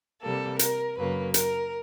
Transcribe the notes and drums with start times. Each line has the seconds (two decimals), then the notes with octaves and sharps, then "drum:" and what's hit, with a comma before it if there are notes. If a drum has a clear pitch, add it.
0.22 C3 E3 G3 A#3 A4
0.59 A#4, drum: hi-hat
0.96 F#2 C#3 F#3 A#3 B4
1.34 A#4, drum: hi-hat